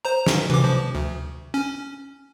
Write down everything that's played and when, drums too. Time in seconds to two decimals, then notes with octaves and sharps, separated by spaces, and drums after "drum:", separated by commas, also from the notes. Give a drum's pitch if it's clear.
0.05 C5 A#5
0.26 drum: snare
0.50 E3 D6, drum: tom C3
0.64 F3
0.95 D2
1.54 C#4